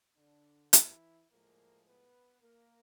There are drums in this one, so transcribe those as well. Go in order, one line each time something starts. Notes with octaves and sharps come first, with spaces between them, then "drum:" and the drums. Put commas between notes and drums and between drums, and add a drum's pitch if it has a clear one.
D3 D4
E3 E4, drum: hi-hat
A2 F3 G#3 A#3 A#4
B3 B4
A#3 A#4